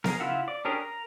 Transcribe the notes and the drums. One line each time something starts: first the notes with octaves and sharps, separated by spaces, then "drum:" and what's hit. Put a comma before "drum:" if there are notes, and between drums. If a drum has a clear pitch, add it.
G#4 A#4, drum: snare B3
C#3 E4 F4 E5 F#5
D5
C#4 D4 G4 G#4 A#4
A#4